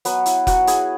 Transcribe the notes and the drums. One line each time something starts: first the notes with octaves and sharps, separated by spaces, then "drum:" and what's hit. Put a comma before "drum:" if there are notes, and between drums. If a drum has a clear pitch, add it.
F#3 B3 B4, drum: hi-hat
E4, drum: hi-hat
F#3 F#4 F#5, drum: kick, hi-hat
E4 G#4 G#5, drum: hi-hat